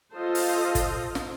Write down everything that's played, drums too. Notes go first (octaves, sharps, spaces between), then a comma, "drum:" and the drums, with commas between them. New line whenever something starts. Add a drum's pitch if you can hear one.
F4 A4 C5 D#5 F5
drum: open hi-hat
drum: kick, hi-hat
drum: snare